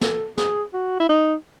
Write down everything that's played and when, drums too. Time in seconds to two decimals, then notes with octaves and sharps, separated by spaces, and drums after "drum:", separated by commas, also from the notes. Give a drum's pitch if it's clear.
0.01 A4, drum: snare
0.38 G#4, drum: snare
0.73 F#4
1.00 E4
1.09 D#4